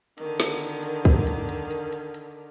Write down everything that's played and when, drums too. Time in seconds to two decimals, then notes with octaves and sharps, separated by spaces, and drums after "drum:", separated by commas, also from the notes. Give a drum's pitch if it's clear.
0.18 D3 D#3, drum: hi-hat
0.40 drum: snare
0.61 drum: hi-hat
0.83 drum: hi-hat
1.05 drum: kick, hi-hat
1.27 drum: hi-hat
1.49 drum: hi-hat
1.71 drum: hi-hat
1.93 drum: hi-hat
2.14 drum: hi-hat